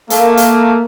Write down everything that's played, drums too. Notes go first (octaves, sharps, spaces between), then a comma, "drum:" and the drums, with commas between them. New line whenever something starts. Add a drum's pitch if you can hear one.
A3 A#3, drum: hi-hat
drum: hi-hat